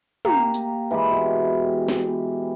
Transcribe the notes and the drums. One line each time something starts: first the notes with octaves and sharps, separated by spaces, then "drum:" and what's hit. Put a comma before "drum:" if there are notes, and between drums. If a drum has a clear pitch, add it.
A#3 G4 A#5, drum: tom
drum: hi-hat
E3 G#3 G4 B5
B2
drum: snare